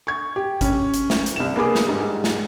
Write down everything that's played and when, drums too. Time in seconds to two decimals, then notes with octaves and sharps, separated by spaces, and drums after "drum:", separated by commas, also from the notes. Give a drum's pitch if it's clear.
0.07 C#6 G#6
0.36 G4
0.61 C#4, drum: kick G#1, hi-hat
0.94 drum: hi-hat
1.10 drum: snare
1.26 drum: hi-hat
1.36 C2 E7
1.56 A#3 B3 G#4 G#5 D6
1.75 drum: snare
1.87 G#2 G3
2.24 drum: snare